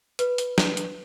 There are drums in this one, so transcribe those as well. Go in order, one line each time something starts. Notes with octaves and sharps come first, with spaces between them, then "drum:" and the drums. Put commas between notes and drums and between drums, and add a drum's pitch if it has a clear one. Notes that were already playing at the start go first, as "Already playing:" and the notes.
B4, drum: hi-hat
drum: hi-hat
drum: snare
drum: hi-hat